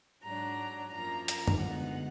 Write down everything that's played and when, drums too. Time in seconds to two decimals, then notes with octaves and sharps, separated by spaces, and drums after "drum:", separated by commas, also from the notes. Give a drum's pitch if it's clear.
0.23 G#2 F#3 D4 A#5
0.93 F#2 F3 A#3 A#5
1.28 A#5, drum: hi-hat
1.48 drum: tom F#2
1.62 D2 D3 G#3 B3 D#4 F#5